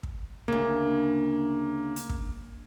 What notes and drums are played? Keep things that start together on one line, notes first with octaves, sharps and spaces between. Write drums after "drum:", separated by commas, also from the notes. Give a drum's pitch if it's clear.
drum: kick
D2 C#3 A#3
drum: hi-hat
drum: kick